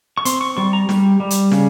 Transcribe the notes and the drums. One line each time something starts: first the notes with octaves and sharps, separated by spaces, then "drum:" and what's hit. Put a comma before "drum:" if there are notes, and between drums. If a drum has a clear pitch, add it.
C#6
C4 C6, drum: hi-hat
C#6
G3 C#6
A#5
G3, drum: snare
G3
drum: hi-hat
C#3, drum: snare